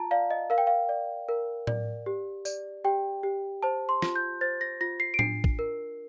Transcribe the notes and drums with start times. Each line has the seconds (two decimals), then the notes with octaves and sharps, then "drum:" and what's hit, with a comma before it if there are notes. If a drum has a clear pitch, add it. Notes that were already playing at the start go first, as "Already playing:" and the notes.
Already playing: F4 A5 A#5
0.11 D5 F5
0.31 D#5
0.50 A#4 F5
0.58 G5
0.67 F5
0.89 D5
1.29 A#4
1.67 D5, drum: tom A2
2.06 G4
2.45 D5, drum: tambourine
2.85 G4 G5
3.23 G4
3.63 C5 A5
3.89 C6
4.02 F4, drum: snare
4.15 G6
4.41 C5 A6
4.61 A#6
4.81 F4 A#6
5.00 C7
5.14 D7
5.19 D4 C7, drum: tom A2
5.44 drum: kick A1
5.59 A#4